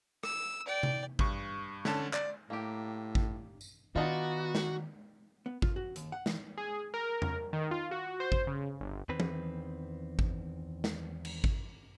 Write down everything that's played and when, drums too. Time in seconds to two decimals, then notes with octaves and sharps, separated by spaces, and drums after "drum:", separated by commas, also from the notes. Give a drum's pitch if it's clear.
0.23 E6, drum: rim click
0.66 D5 G5
0.83 drum: tom C3
1.19 G2 C#6, drum: kick G#1
1.85 D3 C#4 A5, drum: snare
2.14 D5, drum: clap
2.50 A2 A#3 G4
3.15 drum: kick G#1
3.61 drum: tambourine
3.96 D#3 B3 D4 D#4 F4 F#4
4.55 drum: snare
5.46 B3
5.62 F4, drum: kick G#1
5.76 F#4
5.96 D#2, drum: hi-hat
6.12 F#5
6.26 E3, drum: snare
6.58 G#4
6.94 A#4
7.22 drum: tom E2
7.53 D#3
7.71 F4
7.91 F#4
8.20 C5
8.32 drum: kick G#1
8.47 C#3
8.81 G1
9.09 E2 D#3 C4 B4
9.20 drum: tom E3
10.19 drum: kick G#1
10.84 drum: snare
11.25 drum: cymbal
11.44 drum: kick G#1